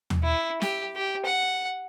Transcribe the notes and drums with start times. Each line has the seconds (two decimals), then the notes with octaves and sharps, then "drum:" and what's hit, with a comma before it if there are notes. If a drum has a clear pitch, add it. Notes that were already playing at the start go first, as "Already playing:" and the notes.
0.10 drum: tom D#2
0.24 E4
0.62 G4, drum: snare
0.96 G4
1.25 F#5